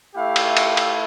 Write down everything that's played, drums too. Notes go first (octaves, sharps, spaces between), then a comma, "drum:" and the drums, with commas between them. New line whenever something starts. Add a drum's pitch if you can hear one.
A3 E4 G4 F5
drum: cymbal
drum: cymbal
drum: cymbal